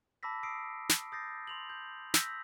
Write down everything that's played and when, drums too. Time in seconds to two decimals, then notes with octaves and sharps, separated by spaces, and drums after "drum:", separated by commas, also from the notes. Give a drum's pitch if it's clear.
0.23 A5 B5 D6 E6 A#6 B6
0.43 D#6 E6 C7 D7
0.89 drum: snare
1.12 D#6 G6 A6 A#6 C7
1.47 C6 F7 F#7
1.70 G6
2.14 E6 G6 A#6 B6, drum: snare